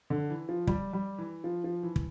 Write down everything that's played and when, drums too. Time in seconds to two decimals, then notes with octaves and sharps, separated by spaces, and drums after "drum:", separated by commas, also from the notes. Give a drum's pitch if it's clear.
0.10 D3
0.30 E3
0.49 F3
0.67 G3, drum: kick
0.93 G3
1.18 E3
1.44 F3
1.64 F3
1.83 E3
1.96 drum: kick